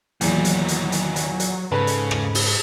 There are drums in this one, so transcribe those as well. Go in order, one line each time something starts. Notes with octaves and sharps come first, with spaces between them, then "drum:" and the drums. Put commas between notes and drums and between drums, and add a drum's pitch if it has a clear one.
E2 A#2 D#3 E3 F#3, drum: hi-hat
drum: hi-hat
drum: hi-hat
drum: hi-hat
drum: hi-hat
drum: hi-hat
G#2 C#3 A4 B4
drum: hi-hat
drum: rim click
drum: open hi-hat